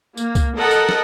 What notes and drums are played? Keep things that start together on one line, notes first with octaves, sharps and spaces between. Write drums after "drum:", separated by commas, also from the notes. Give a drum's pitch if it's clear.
A#3, drum: tambourine
drum: kick, tambourine
A4 A#4 D#5 F#5
drum: tambourine
drum: snare